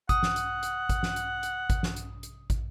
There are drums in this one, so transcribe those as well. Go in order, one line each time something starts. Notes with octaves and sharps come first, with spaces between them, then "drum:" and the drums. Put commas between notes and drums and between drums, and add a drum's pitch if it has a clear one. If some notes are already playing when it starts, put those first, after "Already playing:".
F#5 D#6, drum: kick, hi-hat
drum: snare
drum: hi-hat
drum: hi-hat
drum: kick, hi-hat
drum: snare
drum: hi-hat
drum: hi-hat
drum: kick, hi-hat
drum: snare
drum: hi-hat
drum: hi-hat
drum: kick, hi-hat